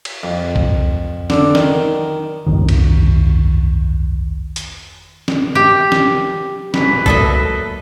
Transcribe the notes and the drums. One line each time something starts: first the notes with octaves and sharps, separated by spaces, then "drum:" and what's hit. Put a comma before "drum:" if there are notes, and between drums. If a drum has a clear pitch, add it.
drum: cymbal
F2
drum: kick
D3, drum: snare
D#3, drum: snare
G1 C2 F2 D#3
drum: cymbal
drum: hi-hat
drum: snare
G4
drum: snare
C2 G#2 F#3 B4, drum: snare
F#3 A3 A#3 A4 D#5 E5, drum: kick